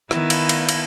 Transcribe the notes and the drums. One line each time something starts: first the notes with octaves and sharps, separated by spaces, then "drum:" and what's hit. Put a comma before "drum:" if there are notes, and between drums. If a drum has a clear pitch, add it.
D#3 B3 E4, drum: rim click
drum: cymbal
drum: cymbal
drum: cymbal